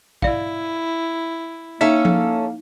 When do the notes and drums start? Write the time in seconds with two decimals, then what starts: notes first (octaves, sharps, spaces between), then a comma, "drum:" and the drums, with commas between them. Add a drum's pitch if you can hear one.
0.22 E4 D5 F5, drum: kick
1.81 A#3 C#4 D#4 A4 E5
2.05 drum: tom F3